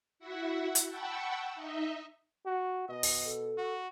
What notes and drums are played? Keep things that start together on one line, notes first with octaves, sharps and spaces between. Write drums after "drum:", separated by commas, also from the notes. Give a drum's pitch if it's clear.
E4 F#4 E5 F#5
drum: hi-hat
F#5 G5 A5 B5 C#6 E6
D#4 D#5 E5
F#4
B2 D#5
drum: open hi-hat
A4
F#4